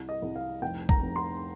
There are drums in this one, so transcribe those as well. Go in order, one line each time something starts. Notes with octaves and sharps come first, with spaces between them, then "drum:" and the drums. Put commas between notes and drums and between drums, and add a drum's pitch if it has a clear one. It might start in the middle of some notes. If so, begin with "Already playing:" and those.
Already playing: C2
D#5
C2
F5
F1 G5
A#5, drum: kick
F1
C6